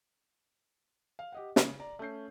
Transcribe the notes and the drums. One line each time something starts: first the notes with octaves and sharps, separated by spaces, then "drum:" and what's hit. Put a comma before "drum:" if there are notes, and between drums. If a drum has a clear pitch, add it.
F5
G4 D#5 F#5
C#3, drum: snare
D5 A#5
A3 C#4 G6 C7